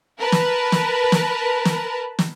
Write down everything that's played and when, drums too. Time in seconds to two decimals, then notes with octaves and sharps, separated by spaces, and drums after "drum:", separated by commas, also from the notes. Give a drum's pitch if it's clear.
0.19 A#4 B4 A5 B5
0.32 drum: snare
0.72 drum: snare
1.12 drum: snare
1.65 drum: snare
2.19 drum: snare